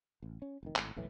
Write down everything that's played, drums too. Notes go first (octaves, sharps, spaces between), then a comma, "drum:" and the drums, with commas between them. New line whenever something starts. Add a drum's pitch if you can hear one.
A1
C#4
F1 D#3
G#1 A2, drum: clap
F#1 B1 A2 E3